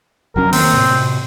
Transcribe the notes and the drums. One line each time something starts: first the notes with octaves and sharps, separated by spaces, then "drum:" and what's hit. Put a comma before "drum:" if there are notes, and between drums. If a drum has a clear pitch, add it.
F1 F#3 C#4 A#4
D#3 A#3 C4, drum: open hi-hat
A2 C3